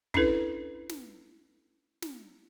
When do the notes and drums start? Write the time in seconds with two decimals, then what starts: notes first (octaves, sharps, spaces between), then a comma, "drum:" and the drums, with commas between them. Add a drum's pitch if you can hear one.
0.14 C#4 D4 E4 A4 B4, drum: kick
0.89 drum: snare
2.02 drum: snare